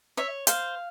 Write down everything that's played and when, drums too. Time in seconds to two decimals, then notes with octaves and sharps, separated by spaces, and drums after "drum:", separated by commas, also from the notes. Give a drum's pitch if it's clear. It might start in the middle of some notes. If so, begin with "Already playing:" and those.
0.17 C#5 E5
0.47 C5 F5, drum: hi-hat